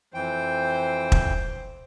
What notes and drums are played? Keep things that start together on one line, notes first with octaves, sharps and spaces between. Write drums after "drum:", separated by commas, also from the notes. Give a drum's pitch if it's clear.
F2 E3 C5 G5
drum: kick